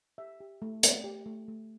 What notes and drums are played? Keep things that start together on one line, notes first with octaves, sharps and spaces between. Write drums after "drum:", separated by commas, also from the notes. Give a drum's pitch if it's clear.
G4 E5
G4
A3
A3, drum: hi-hat
G4
A3
A3